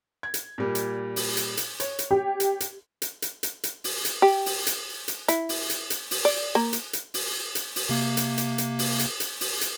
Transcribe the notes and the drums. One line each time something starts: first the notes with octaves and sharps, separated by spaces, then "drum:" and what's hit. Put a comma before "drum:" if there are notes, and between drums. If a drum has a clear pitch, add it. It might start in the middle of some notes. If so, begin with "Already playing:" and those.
G#6
drum: hi-hat
A#2 G3
drum: hi-hat
drum: open hi-hat
drum: hi-hat
drum: hi-hat
C#5, drum: hi-hat
drum: hi-hat
G4
drum: hi-hat
drum: hi-hat
drum: hi-hat
drum: hi-hat
drum: hi-hat
drum: hi-hat
drum: open hi-hat
drum: hi-hat
G4
drum: open hi-hat
drum: hi-hat
drum: hi-hat
E4, drum: hi-hat
drum: open hi-hat
drum: hi-hat
drum: hi-hat
drum: open hi-hat
D5
A#3
drum: hi-hat
drum: hi-hat
drum: open hi-hat
drum: hi-hat
drum: open hi-hat
C3 A#3
drum: hi-hat
drum: hi-hat
drum: hi-hat
drum: open hi-hat
drum: hi-hat
drum: hi-hat
drum: open hi-hat
drum: hi-hat